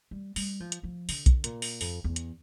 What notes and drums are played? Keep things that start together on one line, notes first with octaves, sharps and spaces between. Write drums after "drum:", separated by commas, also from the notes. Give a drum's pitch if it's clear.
G3
G3, drum: open hi-hat
F3
drum: hi-hat
F3
D3, drum: open hi-hat
drum: kick B1, hi-hat
A#2, drum: hi-hat
drum: open hi-hat
F2, drum: open hi-hat
E2
drum: hi-hat